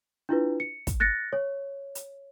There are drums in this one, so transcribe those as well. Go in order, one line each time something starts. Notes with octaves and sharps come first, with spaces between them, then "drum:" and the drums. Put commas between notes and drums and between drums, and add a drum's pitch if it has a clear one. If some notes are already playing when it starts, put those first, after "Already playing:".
D4 E4 F4 B4
C#7
drum: kick, hi-hat
F#6 A6 A#6 C#7
C#5
drum: hi-hat